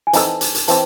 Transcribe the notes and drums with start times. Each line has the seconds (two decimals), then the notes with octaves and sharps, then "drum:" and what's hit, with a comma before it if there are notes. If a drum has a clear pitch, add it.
0.07 G#5
0.13 E3 C4 D#4 A4 A5, drum: hi-hat
0.41 drum: hi-hat
0.55 drum: hi-hat
0.68 E3 C4 A5, drum: hi-hat